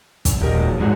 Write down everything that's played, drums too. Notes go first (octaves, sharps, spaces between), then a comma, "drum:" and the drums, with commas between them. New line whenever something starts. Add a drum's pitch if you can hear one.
drum: kick, hi-hat
D#1 G4 A#4 D#5
G#2 F3 F#3
D#1 G#1 G#2 F#4